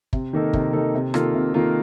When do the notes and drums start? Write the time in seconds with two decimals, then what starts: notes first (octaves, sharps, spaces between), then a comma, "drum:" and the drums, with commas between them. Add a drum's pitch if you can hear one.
0.13 C3, drum: kick
0.33 D#3 A#3 D#4 A4
0.53 C3, drum: kick
0.73 D#3 A#3 D#4 A4
0.94 C3
1.14 D#3 A#3 F4 A4, drum: rim click
1.34 C3
1.54 D#3 A#3 F4 A4